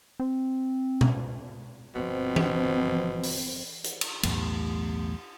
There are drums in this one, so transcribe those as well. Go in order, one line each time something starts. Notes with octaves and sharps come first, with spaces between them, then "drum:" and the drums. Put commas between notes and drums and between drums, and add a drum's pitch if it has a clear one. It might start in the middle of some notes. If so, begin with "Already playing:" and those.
C4
drum: tom B2
G1 B2 F3 C4
drum: tom E3
drum: open hi-hat
drum: hi-hat
drum: cymbal
B1 E2 A2 A3, drum: cymbal